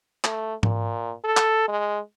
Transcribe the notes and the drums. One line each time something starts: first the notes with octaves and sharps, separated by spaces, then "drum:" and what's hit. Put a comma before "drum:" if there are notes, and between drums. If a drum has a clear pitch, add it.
A3, drum: clap
A#2, drum: tom G#2
A4
drum: clap
G#3